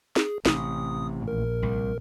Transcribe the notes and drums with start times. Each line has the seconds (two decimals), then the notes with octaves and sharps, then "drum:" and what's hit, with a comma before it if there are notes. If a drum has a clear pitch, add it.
0.16 G#4, drum: snare
0.45 A1 C3 D#6, drum: snare
1.28 A#1 A#4
1.63 C2